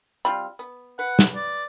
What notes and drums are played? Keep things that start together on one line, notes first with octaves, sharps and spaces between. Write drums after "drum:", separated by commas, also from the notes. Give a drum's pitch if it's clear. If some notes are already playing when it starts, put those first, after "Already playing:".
G3 C4 F4 B5
B3
B4 F#5
drum: snare
D5